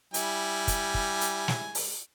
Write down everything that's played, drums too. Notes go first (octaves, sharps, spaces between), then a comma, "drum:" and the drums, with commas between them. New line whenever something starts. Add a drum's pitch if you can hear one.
G3 E4 G#5, drum: hi-hat
drum: kick, hi-hat
drum: kick
drum: hi-hat
drum: snare
drum: open hi-hat